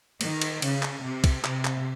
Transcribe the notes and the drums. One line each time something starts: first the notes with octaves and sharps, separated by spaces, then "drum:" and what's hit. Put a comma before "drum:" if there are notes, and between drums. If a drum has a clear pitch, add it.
D#3, drum: cymbal
drum: cymbal
C#3, drum: cymbal
drum: clap
C3
drum: kick, cymbal
C3, drum: clap
drum: clap